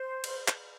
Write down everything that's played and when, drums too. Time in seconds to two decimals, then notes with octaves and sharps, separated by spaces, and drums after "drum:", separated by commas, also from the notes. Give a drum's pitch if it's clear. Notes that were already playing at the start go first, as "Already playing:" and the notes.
Already playing: C5
0.24 drum: cymbal
0.48 drum: clap